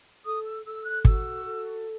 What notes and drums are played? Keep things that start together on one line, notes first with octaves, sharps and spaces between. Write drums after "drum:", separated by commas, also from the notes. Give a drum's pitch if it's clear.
A4 D#6
E6
A4 E6
F#6
F#4 E6, drum: kick
A4